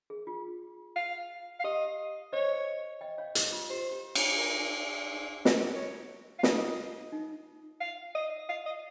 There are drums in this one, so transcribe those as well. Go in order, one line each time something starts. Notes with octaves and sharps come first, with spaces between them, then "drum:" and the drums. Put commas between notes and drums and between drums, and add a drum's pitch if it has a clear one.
G#4
F4
F5
F5
G4 D#5
C5 C#5 D#5
D#5 G5
C#5 F5
G4, drum: hi-hat
F4
G4 C5
G4
F4, drum: cymbal
F4 A#4
drum: snare
C#5
F5
F4 D#5, drum: snare
D#4
F4
D#4
F5
D#5
F5
D#5